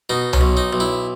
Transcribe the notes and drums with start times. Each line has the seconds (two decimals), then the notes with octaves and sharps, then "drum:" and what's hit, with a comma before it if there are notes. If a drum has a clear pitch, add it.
0.10 B2 D#4
0.33 C#4, drum: tom C2
0.41 B1
0.57 D#4
0.73 B1
0.80 E4